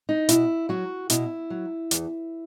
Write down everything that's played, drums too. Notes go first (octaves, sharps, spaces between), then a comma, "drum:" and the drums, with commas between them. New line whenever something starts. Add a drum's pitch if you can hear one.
D#4
B2 E4, drum: hi-hat
F#3 F#4
B2 E4, drum: hi-hat
F#3
E2, drum: hi-hat